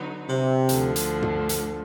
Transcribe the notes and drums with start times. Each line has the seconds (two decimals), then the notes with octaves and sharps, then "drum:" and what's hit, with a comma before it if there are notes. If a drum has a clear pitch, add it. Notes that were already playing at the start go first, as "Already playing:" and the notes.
Already playing: D3 F#3 B3 D#4
0.29 C3
0.69 D2 D3 F3, drum: hi-hat
0.96 drum: hi-hat
1.22 drum: tom
1.49 drum: hi-hat